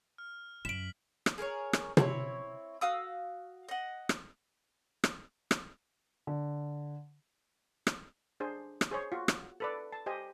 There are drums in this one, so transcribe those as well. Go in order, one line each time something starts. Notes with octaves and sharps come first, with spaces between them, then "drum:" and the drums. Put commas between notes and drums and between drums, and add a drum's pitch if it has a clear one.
F6
F#2 B6 D7 E7 F#7
drum: rim click
G#4 A#4 C5 C#5
drum: rim click
C4 E4 B4 C#5, drum: tom
F#4 F5 D#6 E6
D#5 F#5
drum: rim click
drum: rim click
drum: rim click
D3
drum: rim click
D4 G#4 C5
drum: rim click
G#4 C5 C#5
F4 F#4
drum: rim click
A4 B4 D5
A5
G4 C5 D#5 G#5